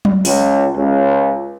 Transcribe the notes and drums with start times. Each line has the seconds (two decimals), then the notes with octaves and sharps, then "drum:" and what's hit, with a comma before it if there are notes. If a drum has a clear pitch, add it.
0.05 drum: tom F#3
0.25 C#2, drum: open hi-hat
0.76 C#2